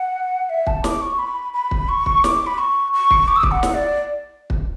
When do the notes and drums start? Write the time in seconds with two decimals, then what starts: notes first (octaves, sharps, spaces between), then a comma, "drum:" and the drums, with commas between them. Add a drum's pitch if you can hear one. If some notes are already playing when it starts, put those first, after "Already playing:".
Already playing: F#5
0.49 E5
0.67 A5, drum: kick
0.84 D6, drum: snare
1.01 C#6
1.19 B5
1.54 B5
1.71 drum: kick
1.89 C#6
2.06 drum: kick
2.24 D6, drum: snare
2.46 B5
2.58 C#6
2.93 C#6
3.11 drum: kick
3.28 D6
3.36 E6
3.43 D6, drum: kick
3.51 F#5
3.63 drum: snare
3.74 D5
4.50 drum: kick